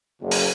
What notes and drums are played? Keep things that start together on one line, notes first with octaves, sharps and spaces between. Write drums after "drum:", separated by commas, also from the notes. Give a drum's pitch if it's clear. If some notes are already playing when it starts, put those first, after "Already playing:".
F#1
drum: open hi-hat